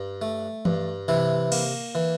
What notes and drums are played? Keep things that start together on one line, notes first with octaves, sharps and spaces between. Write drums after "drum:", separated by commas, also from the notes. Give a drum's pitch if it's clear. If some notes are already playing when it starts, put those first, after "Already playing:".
Already playing: G2
A3
G2, drum: tom E3
C3 E3 E4
A#3, drum: cymbal
E3